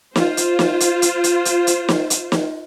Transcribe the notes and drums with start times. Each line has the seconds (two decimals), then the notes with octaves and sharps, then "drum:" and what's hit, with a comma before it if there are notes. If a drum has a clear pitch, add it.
0.16 F4 C5, drum: snare
0.37 drum: hi-hat
0.59 drum: snare
0.80 drum: hi-hat
1.02 drum: hi-hat
1.24 drum: hi-hat
1.45 drum: hi-hat
1.67 drum: hi-hat
1.89 drum: snare
2.10 drum: hi-hat
2.32 drum: snare